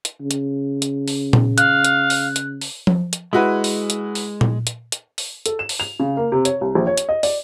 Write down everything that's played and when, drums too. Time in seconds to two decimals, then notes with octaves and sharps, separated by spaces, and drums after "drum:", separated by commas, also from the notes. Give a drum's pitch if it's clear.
0.05 drum: hi-hat
0.21 C#3
0.31 drum: hi-hat
0.82 drum: hi-hat
1.08 drum: open hi-hat
1.33 drum: tom A#2
1.58 F5 F#6, drum: hi-hat
1.85 drum: hi-hat
2.10 drum: open hi-hat
2.36 drum: hi-hat
2.61 drum: open hi-hat
2.87 drum: tom F3
3.13 drum: hi-hat
3.33 G#3 E4 F#4 B4
3.64 drum: open hi-hat
3.90 drum: hi-hat
4.15 drum: open hi-hat
4.41 drum: tom A#2
4.67 drum: hi-hat
4.92 drum: hi-hat
5.18 drum: open hi-hat
5.46 A4, drum: hi-hat
5.59 E7
5.69 drum: open hi-hat
5.80 F7
6.00 C#3
6.17 A#3
6.32 C3
6.45 C#5, drum: hi-hat
6.61 C2
6.75 A#1
6.87 C#5
6.98 drum: hi-hat
7.09 D#5
7.23 D5, drum: open hi-hat